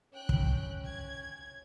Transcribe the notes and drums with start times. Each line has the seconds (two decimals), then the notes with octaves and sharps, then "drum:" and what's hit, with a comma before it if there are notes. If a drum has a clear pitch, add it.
0.13 C#4 G5 F#6
0.29 drum: kick
0.85 G#6